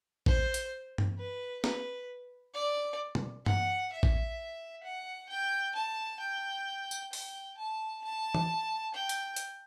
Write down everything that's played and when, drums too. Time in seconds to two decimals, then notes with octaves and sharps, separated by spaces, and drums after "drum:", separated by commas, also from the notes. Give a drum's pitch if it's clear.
0.26 C5, drum: kick A1
0.54 drum: hi-hat
0.98 drum: tom G2
1.18 B4
1.64 B4, drum: snare
2.55 D5
3.15 drum: tom
3.46 F#5, drum: tom G2
3.93 E5
4.03 drum: kick A1
4.84 F#5
5.30 G5
5.75 A5
6.21 G5
6.91 drum: tambourine
7.13 G5, drum: open hi-hat
7.58 A5
8.05 A5
8.35 drum: tom E3
8.95 G5
9.09 drum: hi-hat
9.36 drum: hi-hat